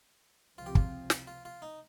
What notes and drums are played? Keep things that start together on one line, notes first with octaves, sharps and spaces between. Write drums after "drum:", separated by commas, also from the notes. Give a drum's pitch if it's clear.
C#2 C3 F3 C4 F4
G4
F4, drum: kick
drum: snare
F4
F4
D#4